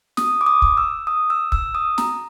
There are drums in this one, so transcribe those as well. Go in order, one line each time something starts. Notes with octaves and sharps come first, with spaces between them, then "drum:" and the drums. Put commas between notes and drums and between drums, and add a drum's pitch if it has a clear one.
D#6, drum: snare
D6
D#6
drum: kick
E6
D#6
E6
E6, drum: kick
D#6
A#5, drum: snare